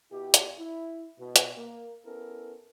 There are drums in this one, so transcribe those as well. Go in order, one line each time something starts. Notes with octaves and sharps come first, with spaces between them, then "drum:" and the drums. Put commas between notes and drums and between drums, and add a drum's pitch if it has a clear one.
B2 E4 G4
drum: hi-hat
E4
B2
drum: hi-hat
A#3
B3 C#4 E4 A4 A#4